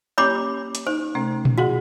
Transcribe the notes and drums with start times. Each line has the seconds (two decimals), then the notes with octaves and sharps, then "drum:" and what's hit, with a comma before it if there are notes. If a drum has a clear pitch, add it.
0.18 A#3 C#4 G4 C#5 B5 D6
0.75 drum: hi-hat
0.87 D#4 C5
1.15 C3 A3 C#4
1.45 drum: tom A#2
1.58 F#4 G#4 F#5 C6